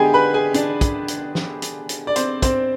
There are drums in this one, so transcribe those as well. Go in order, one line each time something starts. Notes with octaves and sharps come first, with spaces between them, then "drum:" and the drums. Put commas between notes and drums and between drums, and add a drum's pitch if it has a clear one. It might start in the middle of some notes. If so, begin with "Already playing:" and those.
Already playing: D3 G#3 B3 G4 G#4 G5 G#5
B4 B5
G#4 G#5
D4 D5, drum: hi-hat
drum: kick, hi-hat
drum: hi-hat
drum: snare
drum: hi-hat
drum: hi-hat
D5
C4 C5, drum: hi-hat
C4 C5, drum: kick, hi-hat